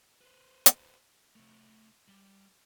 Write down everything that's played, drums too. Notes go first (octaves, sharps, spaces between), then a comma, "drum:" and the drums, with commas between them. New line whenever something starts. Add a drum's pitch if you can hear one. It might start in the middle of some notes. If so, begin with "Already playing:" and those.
B4 C5
drum: hi-hat
C3 A3
G3